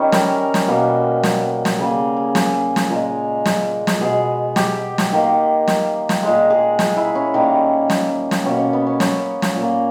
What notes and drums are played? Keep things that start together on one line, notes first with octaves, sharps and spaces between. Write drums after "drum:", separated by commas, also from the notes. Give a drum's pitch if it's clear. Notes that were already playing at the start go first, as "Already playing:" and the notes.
Already playing: D#3 G3 C#4
A#4, drum: snare
drum: snare
B2 A#3
drum: snare
drum: snare
C#3 G3 A#3 G#4
G#4
G#4, drum: snare
drum: snare
A#2 G#3 A#4
drum: snare
drum: snare
B2 G#3 G#4
G4, drum: snare
drum: snare
D#3 A#3
drum: snare
drum: snare
A#2 G#3
G#4
G#4, drum: snare
E4
C#4
D#3 G3 A#3
drum: snare
drum: snare
B2 A#3 C#4
C#4
B3
C#4
C#4, drum: snare
drum: snare
A#2
A#3